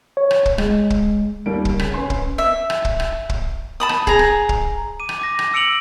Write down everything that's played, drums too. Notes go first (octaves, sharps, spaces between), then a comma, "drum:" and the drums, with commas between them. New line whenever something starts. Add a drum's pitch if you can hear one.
C#5
drum: rim click
drum: kick
G#3, drum: rim click
drum: kick
D#2 G3 A#3 D7
drum: kick
C#3 B6, drum: rim click
C#4 B4 G#5 C6
drum: kick
E5
drum: rim click
drum: kick
drum: rim click
drum: kick
A5 B5 D#6
drum: rim click
G#4 A#5, drum: kick
drum: rim click
drum: kick
D6 D#7
drum: rim click
D6 A#6
drum: rim click
E6 C#7 D7 F7 F#7